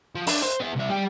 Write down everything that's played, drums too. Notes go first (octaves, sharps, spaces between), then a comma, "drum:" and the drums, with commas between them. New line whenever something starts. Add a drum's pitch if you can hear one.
F3
D4, drum: open hi-hat
C5
B3 E5
C2 E5
G3 G5